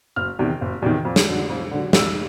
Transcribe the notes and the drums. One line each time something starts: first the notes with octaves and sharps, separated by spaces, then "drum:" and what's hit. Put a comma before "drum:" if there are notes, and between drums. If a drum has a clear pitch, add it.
F#1 F6
E2 C3 D#3
F#1
E2 C3 D#3
F2
drum: snare
D3 F#3
F2
D3 F#3
C2 E6, drum: snare